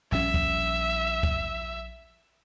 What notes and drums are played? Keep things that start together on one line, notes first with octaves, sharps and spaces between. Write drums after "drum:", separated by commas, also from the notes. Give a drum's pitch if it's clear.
A#1 G3 C#4 E5
drum: kick
drum: kick